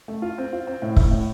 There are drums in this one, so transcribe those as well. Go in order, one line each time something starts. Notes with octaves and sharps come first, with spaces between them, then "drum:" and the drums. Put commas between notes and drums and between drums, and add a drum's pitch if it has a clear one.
A3
F4
C4
F4
C4
A2
A2, drum: kick
A2